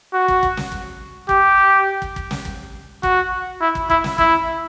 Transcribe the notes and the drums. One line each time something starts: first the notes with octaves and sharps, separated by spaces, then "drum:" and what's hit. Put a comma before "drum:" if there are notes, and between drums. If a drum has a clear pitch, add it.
F#4
drum: kick
drum: kick
drum: snare
drum: kick
G4, drum: kick
drum: kick
drum: kick
drum: snare
drum: kick
F#4, drum: kick
E4
drum: kick
E4, drum: kick
drum: snare
E4, drum: kick